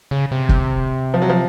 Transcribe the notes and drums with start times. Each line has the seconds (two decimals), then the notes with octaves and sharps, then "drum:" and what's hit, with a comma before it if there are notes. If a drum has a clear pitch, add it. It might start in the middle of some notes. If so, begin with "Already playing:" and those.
0.11 C#3
0.32 C3
0.49 drum: kick
1.14 F3
1.22 F#3
1.29 F3